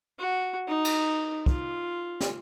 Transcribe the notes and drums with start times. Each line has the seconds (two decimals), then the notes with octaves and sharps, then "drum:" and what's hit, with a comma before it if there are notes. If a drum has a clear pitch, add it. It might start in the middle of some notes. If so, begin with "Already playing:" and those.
0.19 F#4
0.67 D#4
0.85 drum: cymbal
1.46 F4, drum: kick
2.20 drum: snare